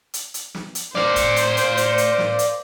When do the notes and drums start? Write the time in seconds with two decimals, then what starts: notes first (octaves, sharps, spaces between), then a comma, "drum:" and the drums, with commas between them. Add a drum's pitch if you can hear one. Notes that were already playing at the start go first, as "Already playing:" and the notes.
0.14 drum: hi-hat
0.34 drum: hi-hat
0.55 drum: snare
0.75 drum: hi-hat
0.95 C5 D5 F5, drum: snare
1.16 drum: kick, hi-hat
1.36 drum: hi-hat
1.57 drum: hi-hat
1.77 drum: hi-hat
1.98 drum: hi-hat
2.18 drum: snare
2.39 drum: hi-hat